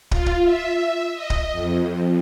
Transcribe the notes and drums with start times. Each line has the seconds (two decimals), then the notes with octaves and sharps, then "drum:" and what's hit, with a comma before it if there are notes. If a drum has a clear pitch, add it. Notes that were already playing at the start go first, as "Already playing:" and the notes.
0.11 F4, drum: kick
0.26 drum: kick
0.43 E5
1.14 D#5
1.30 drum: kick
1.52 F2